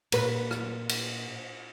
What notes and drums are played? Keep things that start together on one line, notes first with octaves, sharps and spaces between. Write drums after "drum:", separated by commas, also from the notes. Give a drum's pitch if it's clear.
A#2 B4, drum: cymbal
drum: rim click
drum: cymbal